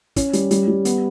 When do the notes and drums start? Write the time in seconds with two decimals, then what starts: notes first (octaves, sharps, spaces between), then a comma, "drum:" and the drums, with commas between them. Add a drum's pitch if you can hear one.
0.16 C#4, drum: kick, hi-hat
0.33 G3, drum: hi-hat
0.51 G3, drum: hi-hat
0.68 G3
0.85 B3, drum: hi-hat